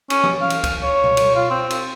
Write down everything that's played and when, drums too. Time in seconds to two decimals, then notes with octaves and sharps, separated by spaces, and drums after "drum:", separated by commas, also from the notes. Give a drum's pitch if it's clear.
0.10 C#4, drum: cymbal
0.24 drum: tom E3
0.41 F5
0.50 drum: cymbal
0.64 drum: kick C#2, cymbal
0.83 C#5
1.04 drum: tom B2
1.17 drum: cymbal
1.36 F4
1.51 C4
1.70 drum: cymbal